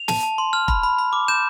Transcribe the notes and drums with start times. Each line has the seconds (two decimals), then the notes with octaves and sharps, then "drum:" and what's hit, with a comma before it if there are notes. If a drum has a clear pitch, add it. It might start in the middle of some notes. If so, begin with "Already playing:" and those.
Already playing: F7
0.08 A5, drum: snare
0.23 A5
0.38 C6
0.53 F6
0.68 B5, drum: kick F1
0.83 B5
0.98 B5
1.13 D6
1.28 G6 E7